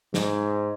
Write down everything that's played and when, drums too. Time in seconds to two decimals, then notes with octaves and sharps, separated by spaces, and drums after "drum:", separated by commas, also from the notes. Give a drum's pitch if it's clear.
0.14 G#2, drum: snare